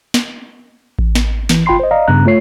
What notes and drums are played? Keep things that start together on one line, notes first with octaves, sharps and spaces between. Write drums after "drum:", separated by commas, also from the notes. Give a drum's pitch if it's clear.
drum: snare
drum: kick A1
drum: snare
E3, drum: snare
G1 F4 G5 B5 C6 C7
C5 D#5
D5 D#5 F5 A#5
G2 C#3 B3 A#5 F#6
A3 F4 C#5 C7